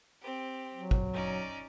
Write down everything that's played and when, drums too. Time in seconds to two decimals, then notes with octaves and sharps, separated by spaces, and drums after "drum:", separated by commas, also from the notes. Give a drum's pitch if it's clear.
0.22 C4 G4
0.75 F#3
0.91 drum: kick
1.12 C#4 D#4 D5